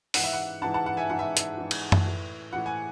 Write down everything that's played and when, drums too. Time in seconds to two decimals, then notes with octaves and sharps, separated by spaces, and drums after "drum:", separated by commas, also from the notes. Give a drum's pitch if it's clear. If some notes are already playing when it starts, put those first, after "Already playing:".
0.14 G#2 E3 F#5, drum: open hi-hat
0.24 E5
0.33 F#5
0.62 G#2 E3 F#5 A5
0.74 F#5 A5
0.86 F#5
0.97 E5 G#5
1.10 G#2 E3 F#5
1.19 E5
1.37 E5, drum: hi-hat
1.58 G#2 E3
1.71 drum: cymbal
1.92 drum: tom F#2
2.06 A2 E3
2.53 A2 E3 F#5
2.66 G#5